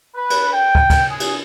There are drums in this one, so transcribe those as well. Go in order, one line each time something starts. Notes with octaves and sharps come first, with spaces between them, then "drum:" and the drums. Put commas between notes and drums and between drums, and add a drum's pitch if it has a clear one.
B4
drum: cymbal
G5
drum: kick
drum: kick, cymbal
G#4
drum: cymbal